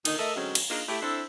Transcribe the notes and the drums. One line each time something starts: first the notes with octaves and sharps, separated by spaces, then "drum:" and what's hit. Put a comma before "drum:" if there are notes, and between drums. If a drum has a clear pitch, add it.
A#2 D3 D#3 D#4, drum: cymbal
A3 A4 A#4 D#5 E5
D3 F#3 G#3 C4 C#4
drum: cymbal
A#3 D4 D#4 F4 G#4 A#4
A3 E4 G4
C4 D4 E4 A4 C5